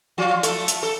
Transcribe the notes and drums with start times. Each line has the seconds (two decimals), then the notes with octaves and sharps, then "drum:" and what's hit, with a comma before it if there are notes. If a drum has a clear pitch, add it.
0.18 F3 F4
0.43 A3 A4, drum: hi-hat
0.68 drum: hi-hat
0.83 A4